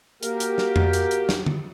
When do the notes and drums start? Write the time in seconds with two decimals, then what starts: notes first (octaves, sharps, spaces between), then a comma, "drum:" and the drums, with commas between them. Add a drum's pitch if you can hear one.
0.23 A#3 F#4 G4 A#4, drum: hi-hat
0.40 drum: hi-hat
0.58 drum: snare
0.76 drum: tom F2
0.93 drum: hi-hat
1.11 drum: hi-hat
1.29 drum: snare
1.46 drum: tom D3